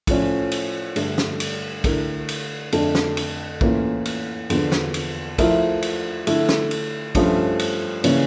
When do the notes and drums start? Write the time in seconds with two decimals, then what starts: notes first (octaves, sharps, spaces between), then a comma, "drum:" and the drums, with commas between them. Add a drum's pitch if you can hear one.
0.07 A2 F3 C#4, drum: kick, cymbal
0.51 drum: cymbal
0.96 G2 D3 A3, drum: cymbal
1.18 drum: snare
1.40 drum: cymbal
1.84 D3 A3 E4 A#4, drum: kick, cymbal
2.28 drum: cymbal
2.72 F2 D3 A3 D4 A4, drum: cymbal
2.95 drum: snare
3.17 drum: cymbal
3.61 A2 E3 A#3 C#4 F4, drum: kick
4.05 drum: cymbal
4.50 E2 D3 F3, drum: cymbal
4.72 drum: snare
4.94 drum: cymbal
5.38 F3 A3 E4 A#4 E5, drum: kick, cymbal
5.82 drum: cymbal
6.27 D3 A3 E4, drum: cymbal
6.49 drum: snare
6.71 drum: cymbal
7.15 G2 F3 A3 C#4, drum: kick, cymbal
7.59 drum: cymbal
8.04 C#3 E3 A#3 C#4, drum: cymbal